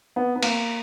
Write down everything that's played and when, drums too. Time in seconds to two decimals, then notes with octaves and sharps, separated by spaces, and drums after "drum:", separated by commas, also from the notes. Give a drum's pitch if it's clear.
0.16 B3
0.35 B3
0.43 A#3, drum: cymbal